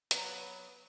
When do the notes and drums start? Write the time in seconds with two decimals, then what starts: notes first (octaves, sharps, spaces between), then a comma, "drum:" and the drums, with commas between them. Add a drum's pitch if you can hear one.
0.11 F#3 G3 B3, drum: hi-hat